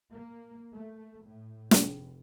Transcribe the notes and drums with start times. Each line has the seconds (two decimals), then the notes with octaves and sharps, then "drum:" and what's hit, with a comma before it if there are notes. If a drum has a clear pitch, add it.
0.13 A#3
0.74 A3
1.25 A2
1.71 F1, drum: snare